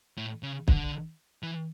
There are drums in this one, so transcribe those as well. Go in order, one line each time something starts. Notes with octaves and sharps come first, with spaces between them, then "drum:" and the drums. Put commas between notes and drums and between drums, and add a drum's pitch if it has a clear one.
A2
C#3
D3, drum: kick
E3